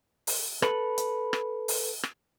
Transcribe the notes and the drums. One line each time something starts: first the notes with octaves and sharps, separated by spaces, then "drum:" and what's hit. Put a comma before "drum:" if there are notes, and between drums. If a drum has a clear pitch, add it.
drum: open hi-hat
A4 B4, drum: rim click
drum: hi-hat
drum: rim click
drum: open hi-hat
drum: rim click